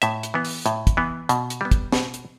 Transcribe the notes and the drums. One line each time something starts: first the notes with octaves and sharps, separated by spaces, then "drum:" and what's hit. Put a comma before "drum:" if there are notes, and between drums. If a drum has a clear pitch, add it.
A2 E5, drum: hi-hat
drum: hi-hat
E3 B3
drum: open hi-hat
A2, drum: hi-hat
drum: kick, hi-hat
E3 B3
B2, drum: hi-hat
drum: hi-hat
G3 B3
drum: kick, hi-hat
B2, drum: snare
drum: hi-hat